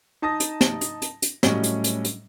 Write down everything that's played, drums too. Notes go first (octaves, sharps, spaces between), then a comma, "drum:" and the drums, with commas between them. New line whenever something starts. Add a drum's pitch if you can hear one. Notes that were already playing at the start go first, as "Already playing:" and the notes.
D#4 A5 D#6 A#6
drum: hi-hat
drum: snare
drum: hi-hat
drum: hi-hat
drum: hi-hat
A2 F#3 G3 C#4 D#5, drum: snare
drum: hi-hat
drum: hi-hat
drum: hi-hat